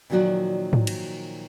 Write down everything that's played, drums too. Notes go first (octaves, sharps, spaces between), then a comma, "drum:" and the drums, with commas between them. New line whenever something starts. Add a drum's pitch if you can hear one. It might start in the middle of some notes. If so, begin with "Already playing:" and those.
A#2 D#3 F3 F#3 F#4 D5
drum: tom G#2
drum: cymbal